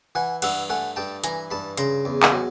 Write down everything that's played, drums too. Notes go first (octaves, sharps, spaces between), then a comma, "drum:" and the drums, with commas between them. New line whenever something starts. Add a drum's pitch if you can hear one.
E3 F#5 G#5
G2 E5 F#5, drum: cymbal
A3 F#5 G#5
G2 G5 A5
E3 G#5 A#5, drum: hi-hat
G2 A5 B5
C#3 A#5 C6, drum: hi-hat
E2
drum: clap
F#3